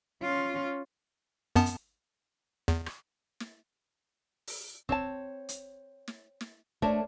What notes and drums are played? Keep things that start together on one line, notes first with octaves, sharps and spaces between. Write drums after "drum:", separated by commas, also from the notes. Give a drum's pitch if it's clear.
C#4 F4
F#2 B3 A5
drum: hi-hat
E2, drum: snare
drum: rim click
drum: snare
drum: open hi-hat
C4 C#5 A5, drum: kick
drum: hi-hat
drum: snare
drum: snare
A3 D4 A#4 C5 C#5, drum: kick